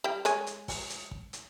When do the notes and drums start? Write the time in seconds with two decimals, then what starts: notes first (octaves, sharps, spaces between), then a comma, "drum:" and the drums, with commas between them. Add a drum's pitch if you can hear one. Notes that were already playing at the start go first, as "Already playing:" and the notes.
0.04 G3 G5
0.25 G#3 C#5 G#5, drum: hi-hat
0.47 drum: hi-hat
0.68 drum: kick, open hi-hat
0.90 drum: hi-hat
1.11 drum: kick
1.33 drum: hi-hat